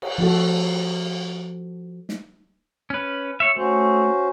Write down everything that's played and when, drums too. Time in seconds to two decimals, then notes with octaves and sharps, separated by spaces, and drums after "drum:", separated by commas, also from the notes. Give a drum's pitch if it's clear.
0.02 drum: cymbal
0.18 F3 F#4 A4
2.09 drum: snare
2.90 C#4 B4
3.40 C#5 E5
3.56 A3 C#4 F#4 C5